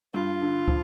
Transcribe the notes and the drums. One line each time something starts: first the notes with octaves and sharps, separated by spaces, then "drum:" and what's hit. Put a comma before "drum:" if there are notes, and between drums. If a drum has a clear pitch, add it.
G2 F4
D3
F3, drum: kick